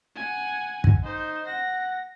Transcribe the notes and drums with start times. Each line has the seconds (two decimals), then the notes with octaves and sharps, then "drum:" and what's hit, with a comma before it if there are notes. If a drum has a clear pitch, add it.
0.16 F#5 G#5
0.84 drum: kick
1.04 D#4 C5
1.47 F#5 A#6